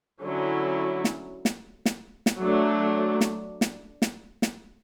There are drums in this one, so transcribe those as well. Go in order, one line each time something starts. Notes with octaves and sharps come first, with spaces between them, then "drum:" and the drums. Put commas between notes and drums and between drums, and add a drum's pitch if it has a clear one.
D3 F#3 C#4 E4
drum: snare
drum: snare
drum: snare
drum: snare
F#3 A3 D4
drum: snare
drum: snare
drum: snare
drum: snare